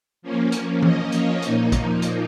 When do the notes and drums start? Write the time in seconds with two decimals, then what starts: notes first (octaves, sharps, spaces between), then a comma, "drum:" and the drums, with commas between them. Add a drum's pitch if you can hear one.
0.22 F3 A#3 C#4
0.52 drum: hi-hat
0.83 D#5, drum: tom E3
1.12 C#5, drum: hi-hat
1.42 A#2 F3 A#3 D#4, drum: hi-hat
1.72 drum: kick, hi-hat
2.02 drum: hi-hat